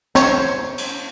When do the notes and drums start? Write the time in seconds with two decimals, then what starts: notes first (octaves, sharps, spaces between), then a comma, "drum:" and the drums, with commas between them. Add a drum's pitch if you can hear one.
0.15 C5 C#5, drum: snare
0.78 drum: cymbal